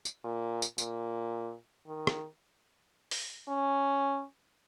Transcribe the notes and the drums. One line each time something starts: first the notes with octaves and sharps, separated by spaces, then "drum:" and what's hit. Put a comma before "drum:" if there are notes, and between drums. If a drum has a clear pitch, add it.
drum: tambourine
A#2
drum: tambourine
A#2, drum: tambourine
D#3
drum: rim click
drum: open hi-hat
C#4